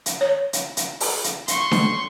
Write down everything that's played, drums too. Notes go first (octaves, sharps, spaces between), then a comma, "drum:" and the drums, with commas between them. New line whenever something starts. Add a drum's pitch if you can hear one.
drum: hi-hat
C#5
drum: hi-hat
drum: hi-hat
drum: open hi-hat
drum: hi-hat
C6 C#6, drum: hi-hat
drum: snare D4